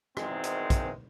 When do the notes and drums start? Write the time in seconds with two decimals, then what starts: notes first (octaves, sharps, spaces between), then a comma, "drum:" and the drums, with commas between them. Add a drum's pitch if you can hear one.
0.17 G#1 E2 D#3 G#3 C4 C5, drum: rim click
0.44 drum: hi-hat
0.70 drum: kick, hi-hat